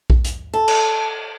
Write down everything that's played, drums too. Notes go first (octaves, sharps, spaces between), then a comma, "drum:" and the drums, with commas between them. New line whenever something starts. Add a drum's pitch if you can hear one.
drum: kick A#1
drum: hi-hat
A4
drum: cymbal